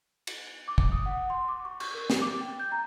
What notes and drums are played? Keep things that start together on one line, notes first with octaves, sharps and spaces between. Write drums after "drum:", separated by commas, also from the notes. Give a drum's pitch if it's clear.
drum: cymbal
D6
drum: kick
D#6
F#5
C6
D6
C#6
C#6, drum: cymbal
A#4
drum: snare
D6
G5
G6
A#5